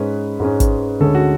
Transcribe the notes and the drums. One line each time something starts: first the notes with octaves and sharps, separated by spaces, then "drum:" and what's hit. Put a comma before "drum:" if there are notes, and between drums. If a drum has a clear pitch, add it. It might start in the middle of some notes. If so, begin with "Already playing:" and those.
Already playing: G#2 G#3 C#4 B4
G#2 G#3 C#4
drum: kick, hi-hat
D2 D3 G#3 C#4 A4
F#4